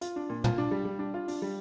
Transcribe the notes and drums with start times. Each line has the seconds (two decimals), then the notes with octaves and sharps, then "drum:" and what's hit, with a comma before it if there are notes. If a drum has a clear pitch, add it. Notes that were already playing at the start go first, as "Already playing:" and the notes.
0.01 F4, drum: hi-hat
0.16 D4
0.30 A#2
0.44 F4, drum: tom
0.58 D4
0.71 G3
0.85 G3
0.99 D4
1.14 F4
1.28 D4, drum: open hi-hat
1.42 G3